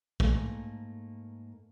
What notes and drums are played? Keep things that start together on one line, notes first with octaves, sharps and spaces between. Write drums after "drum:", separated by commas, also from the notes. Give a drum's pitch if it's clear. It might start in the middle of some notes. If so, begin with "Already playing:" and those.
G#2 A3 A#3, drum: kick